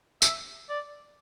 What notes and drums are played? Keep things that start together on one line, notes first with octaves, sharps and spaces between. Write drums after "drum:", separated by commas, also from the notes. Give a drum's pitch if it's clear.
E5, drum: tambourine
D5